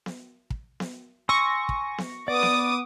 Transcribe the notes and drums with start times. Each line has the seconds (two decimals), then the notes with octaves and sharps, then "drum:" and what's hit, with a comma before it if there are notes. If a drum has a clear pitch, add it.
0.06 drum: snare B3
0.50 drum: kick
0.80 drum: snare B3
1.29 G#5 C6 C#6 E6 A#6
1.69 drum: kick
1.98 drum: snare B3
2.28 B3 D5 D6 D#6
2.43 drum: snare B3